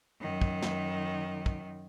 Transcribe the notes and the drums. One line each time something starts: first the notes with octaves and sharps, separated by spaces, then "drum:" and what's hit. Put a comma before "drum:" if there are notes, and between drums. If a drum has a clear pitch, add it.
F#2 D#3
drum: kick
drum: snare
drum: kick